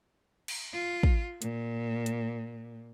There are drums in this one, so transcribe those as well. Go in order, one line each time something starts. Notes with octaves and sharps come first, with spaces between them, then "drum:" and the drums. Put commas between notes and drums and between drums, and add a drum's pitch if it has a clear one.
drum: cymbal
F4
drum: kick
A#2, drum: hi-hat
drum: hi-hat